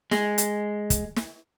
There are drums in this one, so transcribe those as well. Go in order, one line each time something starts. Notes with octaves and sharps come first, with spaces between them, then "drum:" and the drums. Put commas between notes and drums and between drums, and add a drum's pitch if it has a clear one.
G#3, drum: snare
drum: hi-hat
drum: kick, hi-hat
drum: snare